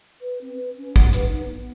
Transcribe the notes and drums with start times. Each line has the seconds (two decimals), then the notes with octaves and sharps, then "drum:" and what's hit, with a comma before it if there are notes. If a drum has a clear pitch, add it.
0.21 B4
0.41 C4
0.56 B4
0.77 C#4
0.96 F#5, drum: kick
1.13 B4, drum: hi-hat
1.28 D#4
1.45 B3